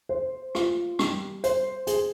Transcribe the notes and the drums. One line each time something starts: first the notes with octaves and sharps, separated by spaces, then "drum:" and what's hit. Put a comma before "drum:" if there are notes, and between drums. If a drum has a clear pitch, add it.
C5
F4, drum: rim click
G3, drum: rim click
C5, drum: hi-hat
G#4, drum: hi-hat